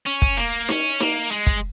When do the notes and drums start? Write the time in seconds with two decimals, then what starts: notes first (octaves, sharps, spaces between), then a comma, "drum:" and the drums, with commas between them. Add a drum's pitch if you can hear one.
0.07 C#4
0.22 drum: kick
0.37 A#3
0.69 C#4, drum: snare D#4
1.00 A#3, drum: snare D#4
1.31 G#3
1.47 drum: kick